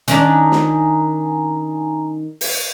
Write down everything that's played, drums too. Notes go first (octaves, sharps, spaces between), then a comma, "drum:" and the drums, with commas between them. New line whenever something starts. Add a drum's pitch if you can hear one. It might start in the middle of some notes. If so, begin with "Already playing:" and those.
D#3 C#4 D4 G#5 A#5, drum: hi-hat
drum: snare
drum: open hi-hat